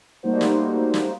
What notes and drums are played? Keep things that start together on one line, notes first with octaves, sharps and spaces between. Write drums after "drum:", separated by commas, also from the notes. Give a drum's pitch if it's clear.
G3 A3 A#3 D#4 F#4 C5
drum: snare
drum: snare